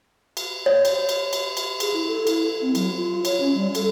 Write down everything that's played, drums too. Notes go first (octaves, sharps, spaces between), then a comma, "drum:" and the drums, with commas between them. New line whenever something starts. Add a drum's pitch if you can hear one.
drum: cymbal
C#5
drum: cymbal
drum: cymbal
drum: cymbal
drum: cymbal
G#4, drum: cymbal
E4
A4
E4, drum: cymbal
A4
C4
F#3, drum: cymbal
F4
C#5, drum: cymbal
C#4
G3
A4, drum: cymbal